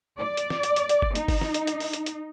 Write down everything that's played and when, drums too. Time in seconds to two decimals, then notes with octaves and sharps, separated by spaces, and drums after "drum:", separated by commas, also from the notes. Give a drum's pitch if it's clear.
0.18 D5
0.37 drum: hi-hat
0.50 drum: snare
0.63 drum: hi-hat
0.76 drum: hi-hat
0.89 drum: hi-hat
1.02 drum: kick G1
1.15 D#4, drum: hi-hat
1.28 drum: kick G1, open hi-hat
1.41 drum: snare
1.54 drum: hi-hat
1.67 drum: hi-hat
1.80 drum: open hi-hat
1.93 drum: hi-hat
2.06 drum: hi-hat